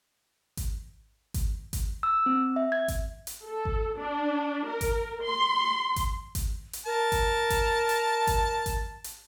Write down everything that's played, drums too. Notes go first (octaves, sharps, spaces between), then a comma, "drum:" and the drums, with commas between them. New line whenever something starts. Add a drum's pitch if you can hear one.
drum: kick G#1, hi-hat
drum: kick G#1, hi-hat
drum: kick G#1, hi-hat
E6
C4
E5
G#6
drum: kick G#1, hi-hat
drum: hi-hat
A4
drum: kick G#1
D4
A#4
drum: kick G#1, hi-hat
C6
drum: kick G#1, hi-hat
drum: kick G#1, hi-hat
drum: hi-hat
A#4 A5
drum: kick G#1, hi-hat
drum: kick G#1, hi-hat
drum: hi-hat
drum: kick G#1, hi-hat
drum: kick G#1, hi-hat
drum: hi-hat